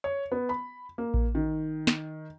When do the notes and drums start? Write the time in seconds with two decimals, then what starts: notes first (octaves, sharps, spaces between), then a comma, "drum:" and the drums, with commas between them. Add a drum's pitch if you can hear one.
0.04 C#5
0.32 B3
0.49 B5
0.98 A#3
1.14 drum: kick A1
1.35 D#3
1.87 drum: snare